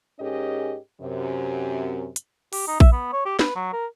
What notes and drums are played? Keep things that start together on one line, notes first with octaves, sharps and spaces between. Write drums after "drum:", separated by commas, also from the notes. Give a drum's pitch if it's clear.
G#2 C#4 G4 G#4 A#4 D#5
F#2 C3
drum: hi-hat
G4, drum: open hi-hat
D#4
E5, drum: kick A#1
B3
C#5
G4
B4, drum: snare
F#3
A#4